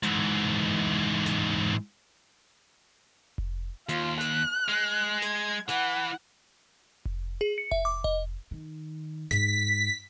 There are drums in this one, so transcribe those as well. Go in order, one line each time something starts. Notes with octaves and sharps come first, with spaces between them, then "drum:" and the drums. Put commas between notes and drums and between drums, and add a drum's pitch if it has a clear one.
G#2 E3, drum: hi-hat
drum: snare
drum: kick F1
D#2 F4, drum: hi-hat
F#6, drum: snare
G#3
G#6, drum: snare
E3 F#5, drum: snare
drum: kick F1
G#4
C#7
E5, drum: kick F1
D6
D#5, drum: kick F1
D#3
G#2 B6, drum: snare